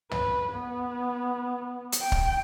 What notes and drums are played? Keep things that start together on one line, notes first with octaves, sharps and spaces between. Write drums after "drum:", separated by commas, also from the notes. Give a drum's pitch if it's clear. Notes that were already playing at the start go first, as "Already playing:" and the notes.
B4, drum: tom
B3
drum: hi-hat
G5
drum: kick